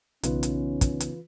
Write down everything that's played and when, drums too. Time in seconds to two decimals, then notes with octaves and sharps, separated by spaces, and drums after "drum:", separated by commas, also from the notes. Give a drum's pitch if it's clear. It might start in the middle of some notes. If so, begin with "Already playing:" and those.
0.23 B1 C#3 E3 B3 C#4 D#4 F4 B4, drum: hi-hat
0.43 drum: hi-hat
0.81 drum: kick, hi-hat
1.00 drum: hi-hat